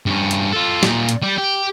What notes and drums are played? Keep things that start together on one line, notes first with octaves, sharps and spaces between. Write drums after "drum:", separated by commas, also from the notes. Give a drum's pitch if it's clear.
G2 C#4
drum: hi-hat
F4 A4
A#2 D#4, drum: snare
drum: hi-hat
G3 G4
G4